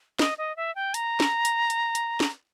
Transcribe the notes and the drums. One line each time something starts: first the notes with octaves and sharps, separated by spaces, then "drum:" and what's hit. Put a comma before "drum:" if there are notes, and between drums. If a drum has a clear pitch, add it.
D#5, drum: snare
D#5
E5
G5
A#5, drum: hi-hat
drum: snare
drum: hi-hat
drum: hi-hat
drum: hi-hat
drum: snare